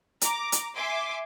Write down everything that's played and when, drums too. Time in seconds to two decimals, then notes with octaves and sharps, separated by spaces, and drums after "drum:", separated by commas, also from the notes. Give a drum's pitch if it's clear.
0.21 A#5 D6, drum: hi-hat
0.52 drum: hi-hat
0.75 E5 G#5 C6 D6